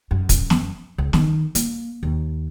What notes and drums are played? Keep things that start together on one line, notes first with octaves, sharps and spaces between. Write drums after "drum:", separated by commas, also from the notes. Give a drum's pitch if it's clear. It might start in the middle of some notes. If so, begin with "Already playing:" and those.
F#2
drum: kick, hi-hat
drum: snare
C#2
D#3, drum: snare
A#3, drum: hi-hat
D#2